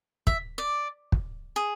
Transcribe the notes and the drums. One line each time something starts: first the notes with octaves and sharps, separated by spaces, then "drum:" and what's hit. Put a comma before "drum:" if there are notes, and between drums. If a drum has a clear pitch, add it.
E5, drum: kick
D5
drum: kick
G#4